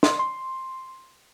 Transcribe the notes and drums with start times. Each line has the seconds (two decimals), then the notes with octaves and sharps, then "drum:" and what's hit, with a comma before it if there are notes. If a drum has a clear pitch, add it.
0.03 C6, drum: snare
0.19 C6